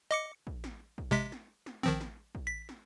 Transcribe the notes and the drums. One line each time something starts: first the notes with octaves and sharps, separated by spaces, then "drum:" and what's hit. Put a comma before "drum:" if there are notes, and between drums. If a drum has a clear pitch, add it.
D#5 D6 C#7
drum: kick
drum: snare
drum: kick
C3 G#3 B6
drum: snare
drum: snare
D#3 F3 C4, drum: kick
drum: snare
drum: kick
B6
drum: snare